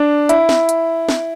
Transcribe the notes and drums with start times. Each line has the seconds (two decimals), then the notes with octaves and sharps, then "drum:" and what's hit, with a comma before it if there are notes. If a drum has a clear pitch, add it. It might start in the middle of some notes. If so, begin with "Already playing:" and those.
Already playing: D4
0.29 E4, drum: hi-hat
0.49 drum: snare
0.69 drum: hi-hat
1.09 drum: snare